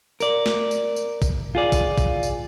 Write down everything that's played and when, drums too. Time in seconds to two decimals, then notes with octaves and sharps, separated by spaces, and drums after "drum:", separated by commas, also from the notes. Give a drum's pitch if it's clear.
0.20 A#4 D5, drum: tambourine
0.46 drum: snare
0.71 drum: tambourine
0.96 drum: tambourine
1.22 drum: kick, tambourine
1.55 F4 G#4 D5
1.72 drum: kick, tambourine
1.98 drum: kick, tambourine
2.23 drum: tambourine